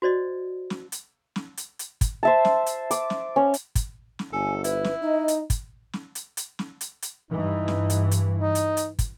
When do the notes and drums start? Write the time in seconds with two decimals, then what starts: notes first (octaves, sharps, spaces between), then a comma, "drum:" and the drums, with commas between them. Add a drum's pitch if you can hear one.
0.02 F#4 C5 D5 D#5
0.70 drum: snare
0.92 drum: hi-hat
1.36 drum: snare
1.57 drum: hi-hat
1.79 drum: hi-hat
2.01 drum: kick, hi-hat
2.23 C5 E5 A5
2.45 drum: snare
2.66 drum: hi-hat
2.91 D6, drum: hi-hat
3.10 drum: snare
3.36 C#4
3.54 drum: hi-hat
3.75 drum: kick, hi-hat
4.19 drum: snare
4.33 G1 A4 G#5
4.64 E4 B4, drum: hi-hat
4.84 drum: snare
5.02 D#4 D#5
5.28 drum: hi-hat
5.50 drum: kick, hi-hat
5.93 drum: snare
6.15 drum: hi-hat
6.37 drum: hi-hat
6.59 drum: snare
6.81 drum: hi-hat
7.02 drum: hi-hat
7.31 G2 E3 D#4
7.68 drum: snare
7.90 drum: hi-hat
8.11 drum: hi-hat
8.38 D#4
8.55 drum: hi-hat
8.77 drum: hi-hat
8.99 drum: kick, hi-hat